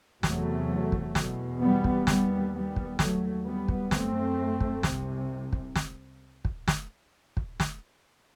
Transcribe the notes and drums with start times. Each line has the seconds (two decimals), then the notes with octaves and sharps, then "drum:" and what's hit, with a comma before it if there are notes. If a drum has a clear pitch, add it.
0.23 E2 C3 F#3 A3, drum: snare
0.92 drum: kick
1.15 E2 B2, drum: snare
1.61 G3 B3
1.84 drum: kick
2.07 D#2 G3 B3, drum: snare
2.53 G3 B3
2.76 drum: kick
2.99 D#2 F#3 A3, drum: snare
3.45 G3 B3
3.68 drum: kick
3.91 F#2 A3 C4, drum: snare
4.60 drum: kick
4.83 C2 C3, drum: snare
5.53 drum: kick
5.76 drum: snare
6.45 drum: kick
6.68 drum: snare
7.37 drum: kick
7.60 drum: snare